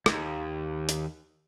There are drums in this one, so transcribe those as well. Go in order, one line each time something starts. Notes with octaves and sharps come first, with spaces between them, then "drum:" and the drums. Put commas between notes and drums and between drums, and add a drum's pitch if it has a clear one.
D#2, drum: rim click
drum: hi-hat